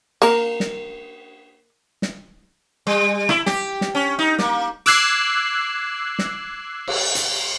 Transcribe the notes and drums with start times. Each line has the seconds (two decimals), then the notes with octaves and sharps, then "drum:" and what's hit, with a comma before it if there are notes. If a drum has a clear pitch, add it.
0.22 A#3 A#4, drum: cymbal
0.60 drum: snare
2.02 drum: snare
2.87 G3
3.29 E4, drum: rim click
3.46 G4, drum: snare
3.81 drum: snare
3.95 C#4
4.19 D#4
4.39 A#3, drum: snare
4.86 D6 E6 F#6 G#6 C7, drum: hi-hat
6.19 drum: snare
6.88 drum: cymbal
7.15 drum: hi-hat